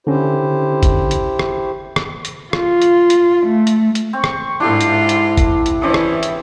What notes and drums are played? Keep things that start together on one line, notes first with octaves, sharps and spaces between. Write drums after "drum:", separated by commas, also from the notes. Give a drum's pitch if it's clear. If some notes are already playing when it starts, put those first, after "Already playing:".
D3 C#4 E4 G4 C5
drum: kick G1, hi-hat
drum: hi-hat
drum: rim click
drum: rim click
drum: hi-hat
F4, drum: rim click
drum: hi-hat
drum: hi-hat
A3
drum: hi-hat
drum: hi-hat
C4 C#6
drum: rim click
G#2 D4 E4 F4 G4 A4
drum: hi-hat
drum: hi-hat
drum: kick G1, hi-hat
drum: hi-hat
E3 C#4 C5 D5 D#6
drum: rim click
drum: hi-hat